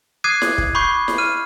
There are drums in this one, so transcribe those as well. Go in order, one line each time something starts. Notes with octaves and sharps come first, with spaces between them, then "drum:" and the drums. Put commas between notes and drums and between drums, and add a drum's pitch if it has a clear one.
D6 D#6 F#6 G#6 C7 D#7
drum: snare E4
drum: kick
B5 C#6 D6 G6 C7
drum: snare E4
F6 D#7